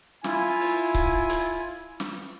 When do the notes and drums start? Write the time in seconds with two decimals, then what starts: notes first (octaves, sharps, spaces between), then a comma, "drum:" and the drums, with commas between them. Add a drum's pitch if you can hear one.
0.24 E4 F4 G#5, drum: snare
0.59 drum: open hi-hat
0.94 drum: kick C#1
1.30 drum: hi-hat
2.00 drum: snare